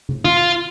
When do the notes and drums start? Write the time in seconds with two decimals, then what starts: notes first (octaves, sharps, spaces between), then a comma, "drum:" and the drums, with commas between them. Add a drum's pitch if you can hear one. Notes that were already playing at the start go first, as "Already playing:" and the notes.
0.09 drum: tom
0.25 F4, drum: tom